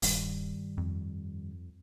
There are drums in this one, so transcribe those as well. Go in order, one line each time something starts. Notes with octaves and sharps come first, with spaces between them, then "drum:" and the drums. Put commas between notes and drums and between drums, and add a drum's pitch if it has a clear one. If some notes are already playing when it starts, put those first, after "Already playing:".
D#1 G2 D#3 G3, drum: open hi-hat
F2